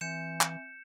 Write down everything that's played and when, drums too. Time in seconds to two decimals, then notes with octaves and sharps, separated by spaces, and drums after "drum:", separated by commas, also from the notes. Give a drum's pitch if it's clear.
0.01 E3 C4 E5 G#5 G6 C#7 E7
0.41 drum: clap